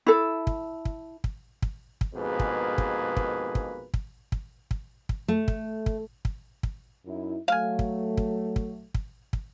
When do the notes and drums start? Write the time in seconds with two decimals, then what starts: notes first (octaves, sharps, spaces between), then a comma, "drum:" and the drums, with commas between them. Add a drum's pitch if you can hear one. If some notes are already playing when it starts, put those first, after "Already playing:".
0.06 E4 A4
0.47 drum: kick
0.85 drum: kick
1.24 drum: kick
1.62 drum: kick
2.01 drum: kick
2.14 F2 G#2 B2 A#3 G#4 B4
2.39 drum: kick
2.78 drum: kick
3.17 drum: kick
3.55 drum: kick
3.94 drum: kick
4.32 drum: kick
4.71 drum: kick
5.09 drum: kick
5.28 A3
5.48 drum: kick
5.86 drum: kick
6.25 drum: kick
6.63 drum: kick
7.06 F#2 D#4 E4
7.48 F#3 A3 F5 G#5
7.79 drum: kick
8.17 drum: kick
8.56 drum: kick
8.94 drum: kick
9.33 drum: kick